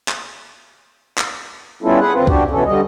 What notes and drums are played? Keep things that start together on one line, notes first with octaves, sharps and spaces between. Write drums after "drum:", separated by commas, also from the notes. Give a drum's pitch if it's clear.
drum: clap
drum: clap
G3 B3 C#4 E4 F4 A4
G#4 B4 F#5
D2 C4 F4 B4
D4 F#4 G4, drum: kick C2
B2 E3 C#4 A4
D3 G3 D#5